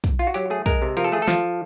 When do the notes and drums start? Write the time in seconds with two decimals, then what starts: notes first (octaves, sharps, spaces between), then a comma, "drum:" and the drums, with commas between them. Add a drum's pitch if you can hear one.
0.04 drum: kick, hi-hat
0.19 F4
0.27 F#4
0.34 F#3 G4, drum: hi-hat
0.50 A3 G#4
0.66 G#3 A#4, drum: kick, hi-hat
0.82 C3
0.97 F3 A#4, drum: hi-hat
1.04 A4
1.12 A3 G#4
1.22 A4
1.28 F3, drum: snare